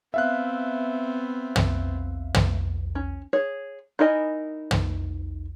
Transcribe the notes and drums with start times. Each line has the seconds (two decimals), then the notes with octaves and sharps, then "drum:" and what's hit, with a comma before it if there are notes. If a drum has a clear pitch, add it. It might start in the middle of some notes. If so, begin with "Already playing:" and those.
0.14 B3 C4 E5 F5 F#6
1.56 drum: tom
2.34 drum: tom
2.95 C#4
3.33 G#4 C#5
3.99 D#4 E4 A#4 D#5 G#5
4.71 drum: tom